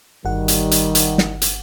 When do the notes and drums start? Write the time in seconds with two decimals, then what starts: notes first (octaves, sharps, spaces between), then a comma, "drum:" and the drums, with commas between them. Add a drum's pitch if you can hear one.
0.25 G1 D#3 G3 F#5
0.48 drum: hi-hat
0.71 drum: hi-hat
0.95 drum: hi-hat
1.18 drum: snare
1.42 drum: hi-hat